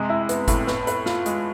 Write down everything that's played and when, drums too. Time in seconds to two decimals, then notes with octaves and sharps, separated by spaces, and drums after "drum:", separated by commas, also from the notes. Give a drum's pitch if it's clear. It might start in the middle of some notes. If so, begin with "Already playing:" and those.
Already playing: C3 G#3
0.09 E4
0.29 B3, drum: hi-hat
0.48 A2, drum: kick G1, hi-hat
0.67 B3, drum: snare
0.87 B4, drum: hi-hat
1.06 F4, drum: snare
1.26 G#3, drum: hi-hat